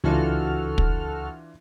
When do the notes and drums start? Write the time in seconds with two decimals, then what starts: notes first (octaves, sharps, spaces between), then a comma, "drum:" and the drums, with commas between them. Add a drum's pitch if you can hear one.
0.04 C#2 E3 D4 F4 F#4 A4 F6
0.78 drum: kick